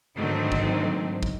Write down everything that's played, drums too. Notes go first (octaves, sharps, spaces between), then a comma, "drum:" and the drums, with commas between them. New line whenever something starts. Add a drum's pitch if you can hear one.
G#2 D3 D#3 F#3 A3 C4
drum: kick
drum: kick